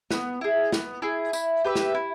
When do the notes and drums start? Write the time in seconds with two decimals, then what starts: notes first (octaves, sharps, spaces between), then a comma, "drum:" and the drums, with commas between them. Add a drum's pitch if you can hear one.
0.11 B3, drum: snare
0.41 E4 G#4
0.72 B3, drum: snare
1.02 E4 G#4
1.33 E4, drum: tambourine
1.64 G4 B4 E5
1.75 drum: snare
1.95 E4